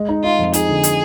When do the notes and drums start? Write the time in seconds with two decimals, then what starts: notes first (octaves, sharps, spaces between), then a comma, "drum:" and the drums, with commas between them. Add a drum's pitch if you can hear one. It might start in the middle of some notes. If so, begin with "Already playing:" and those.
Already playing: G#3
0.09 D#4
0.23 D#4 F4
0.39 F2
0.53 D#4 G#4, drum: hi-hat
0.68 D3
0.84 drum: hi-hat